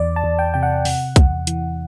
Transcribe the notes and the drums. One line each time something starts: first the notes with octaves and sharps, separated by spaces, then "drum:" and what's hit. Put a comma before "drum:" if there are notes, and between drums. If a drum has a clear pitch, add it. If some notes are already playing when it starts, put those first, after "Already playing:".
Already playing: E2 D5
A5
E2
G5
C3 G5
F#5
C3, drum: open hi-hat
E2, drum: kick B1, hi-hat
E3, drum: hi-hat